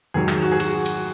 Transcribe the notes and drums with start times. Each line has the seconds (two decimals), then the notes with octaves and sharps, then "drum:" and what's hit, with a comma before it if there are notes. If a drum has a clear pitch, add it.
0.14 G#2 D#3 F#3 G#4
0.28 drum: clap
0.42 F#4
0.52 G#4
0.60 F#4, drum: cymbal
0.86 drum: cymbal